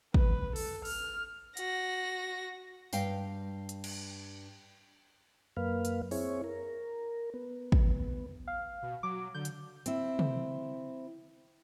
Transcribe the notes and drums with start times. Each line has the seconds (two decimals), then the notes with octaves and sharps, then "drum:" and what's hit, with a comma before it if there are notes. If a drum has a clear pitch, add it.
0.14 B4, drum: kick
0.56 A4, drum: open hi-hat
0.85 F6, drum: open hi-hat
1.57 F#4 A#6, drum: hi-hat
2.93 G2 F5 G5, drum: tambourine
3.69 drum: hi-hat
3.84 drum: cymbal
5.57 F#2 A#3 B4 F5
5.85 drum: hi-hat
6.11 C4 E4 G#4 C#5, drum: open hi-hat
6.44 A#4
7.34 B3
7.72 drum: kick
8.48 F5
8.83 B2
9.03 F#3 D6
9.35 D3 G6
9.45 drum: hi-hat
9.86 C4 E4, drum: hi-hat
10.19 drum: tom